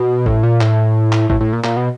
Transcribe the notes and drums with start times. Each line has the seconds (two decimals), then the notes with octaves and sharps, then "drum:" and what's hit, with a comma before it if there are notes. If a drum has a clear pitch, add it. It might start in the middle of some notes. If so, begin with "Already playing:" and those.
Already playing: B2
0.26 A2, drum: kick G#1
0.43 A#2
0.61 A2, drum: clap
1.12 drum: clap
1.30 A2, drum: kick G#1
1.41 A2
1.53 A#2
1.64 A#2, drum: clap
1.77 B2